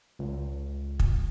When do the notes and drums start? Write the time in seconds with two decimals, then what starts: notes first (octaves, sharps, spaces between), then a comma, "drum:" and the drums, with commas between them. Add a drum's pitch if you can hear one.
0.19 C#2
1.00 drum: kick